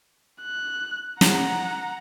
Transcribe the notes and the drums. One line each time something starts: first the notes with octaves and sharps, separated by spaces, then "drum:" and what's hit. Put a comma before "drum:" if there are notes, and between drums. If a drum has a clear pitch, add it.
F#6
F#5 A#5, drum: snare